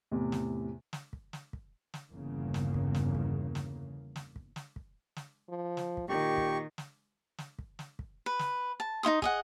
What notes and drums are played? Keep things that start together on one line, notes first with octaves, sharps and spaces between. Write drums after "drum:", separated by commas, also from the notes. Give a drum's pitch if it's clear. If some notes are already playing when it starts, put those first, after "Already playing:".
E2 A2 C3
drum: snare
drum: snare
drum: kick
drum: snare
drum: kick
drum: snare
G1 E2 C#3 A#3
drum: snare
drum: kick
drum: snare
drum: kick
drum: snare
drum: snare
drum: kick
drum: snare
drum: kick
drum: snare
F3
drum: snare
drum: kick
A#2 D#3 G4 C#6
drum: kick
drum: snare
drum: snare
drum: kick
drum: snare
drum: kick
B4
drum: snare
A5
D#4 E4 C6 D#6
G#4 D#5 F#5, drum: kick